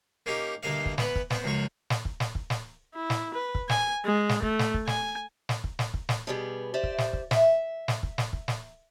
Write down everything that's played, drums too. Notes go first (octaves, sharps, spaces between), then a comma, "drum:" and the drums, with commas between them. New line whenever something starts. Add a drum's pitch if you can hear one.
A#3 C#4 D#4 G4
D2 G2 A#3 D#5 F5
drum: kick
E3 B3 B4, drum: snare
drum: kick
B3 C4, drum: snare
C#2 F#2 F3 C#5
drum: snare
drum: kick
drum: snare
drum: kick
drum: snare
E4
drum: snare
B4
drum: kick
G#5, drum: snare
G#3
drum: snare
A3, drum: kick
drum: snare
drum: kick
G#5, drum: snare
drum: snare
drum: kick
drum: snare
drum: kick
drum: snare
B2 G3 B3 G4 G#4
G4 C5 D5 E5
drum: kick
drum: snare
drum: kick
E5, drum: snare
drum: snare
drum: kick
drum: snare
drum: kick
drum: snare